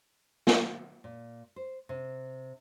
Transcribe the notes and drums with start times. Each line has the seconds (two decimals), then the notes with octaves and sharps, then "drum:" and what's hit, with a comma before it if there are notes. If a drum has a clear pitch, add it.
0.47 drum: snare
1.04 A#2
1.56 C5
1.89 C3